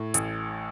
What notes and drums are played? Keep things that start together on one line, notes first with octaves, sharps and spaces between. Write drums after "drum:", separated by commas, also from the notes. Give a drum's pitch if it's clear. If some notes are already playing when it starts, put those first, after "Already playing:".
Already playing: A2
A1, drum: hi-hat